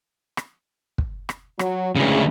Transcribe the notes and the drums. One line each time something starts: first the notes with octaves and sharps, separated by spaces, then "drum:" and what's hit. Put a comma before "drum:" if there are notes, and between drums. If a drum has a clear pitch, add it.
drum: rim click
drum: kick
drum: rim click
F#3, drum: rim click
D2 C#3 E3 G#3 G#4